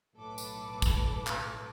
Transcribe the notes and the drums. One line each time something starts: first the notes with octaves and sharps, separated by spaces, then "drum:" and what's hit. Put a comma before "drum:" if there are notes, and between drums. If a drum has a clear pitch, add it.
B1 A2 F#3 A4 B4 D6
drum: tambourine
drum: kick, tambourine
drum: clap